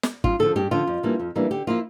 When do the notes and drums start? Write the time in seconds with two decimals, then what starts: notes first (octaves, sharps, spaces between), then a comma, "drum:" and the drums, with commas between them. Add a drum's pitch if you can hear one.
0.03 drum: snare
0.24 G2 F4, drum: kick
0.39 D3 F3 A4
0.56 G2 G4
0.71 D3 F3 F4
0.87 F2
1.03 E3 G3 A#3 D4
1.20 F2
1.36 E3 G3 A#3 D4
1.51 D3 G4
1.67 F3 A#3 E4 F4